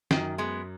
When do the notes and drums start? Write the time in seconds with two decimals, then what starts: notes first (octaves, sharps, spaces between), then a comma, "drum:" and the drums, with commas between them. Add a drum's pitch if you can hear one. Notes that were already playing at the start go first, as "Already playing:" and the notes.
0.11 F#2 D#3, drum: snare
0.38 G#3 B3